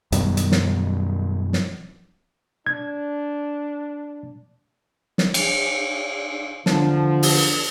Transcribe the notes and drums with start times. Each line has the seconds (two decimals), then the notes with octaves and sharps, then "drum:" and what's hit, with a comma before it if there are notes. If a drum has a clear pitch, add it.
0.12 F#2 B2 D#3 G3, drum: hi-hat
0.37 drum: hi-hat
0.52 drum: snare
1.53 drum: snare
2.67 D4 G#6
5.18 drum: snare
5.34 drum: cymbal
6.66 E2 D3 F3 D4 A5, drum: snare
7.23 drum: open hi-hat